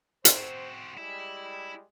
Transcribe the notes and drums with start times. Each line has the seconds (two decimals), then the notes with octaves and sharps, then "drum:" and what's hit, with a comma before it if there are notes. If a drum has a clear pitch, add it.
0.25 C4 F#4 C5, drum: hi-hat
0.97 G3 G#3 E4